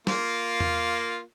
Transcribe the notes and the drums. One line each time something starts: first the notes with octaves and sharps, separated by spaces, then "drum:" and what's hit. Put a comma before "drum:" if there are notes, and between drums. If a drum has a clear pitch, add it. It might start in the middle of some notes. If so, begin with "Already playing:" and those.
A#3 F4, drum: snare
drum: tom E2